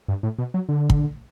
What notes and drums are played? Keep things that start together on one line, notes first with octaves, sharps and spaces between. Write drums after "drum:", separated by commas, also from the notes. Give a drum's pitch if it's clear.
G2
A2
B2
F#3
D3
drum: kick